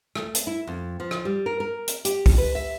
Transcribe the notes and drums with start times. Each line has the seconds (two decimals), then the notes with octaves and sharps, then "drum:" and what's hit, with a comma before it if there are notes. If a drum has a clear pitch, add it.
0.15 A3, drum: rim click
0.35 drum: hi-hat
0.47 E4
0.67 F2
1.00 F3
1.11 drum: rim click
1.25 G3
1.46 A#4
1.60 A#4
1.88 drum: hi-hat
2.05 G4, drum: hi-hat
2.26 drum: kick A1, open hi-hat
2.38 B4
2.55 E5